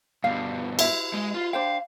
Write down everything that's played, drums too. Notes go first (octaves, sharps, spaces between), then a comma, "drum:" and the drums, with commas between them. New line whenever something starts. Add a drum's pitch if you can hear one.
G2 B2 F5
E4 E5, drum: cymbal
G#3
F4
D4 C5 F5 G5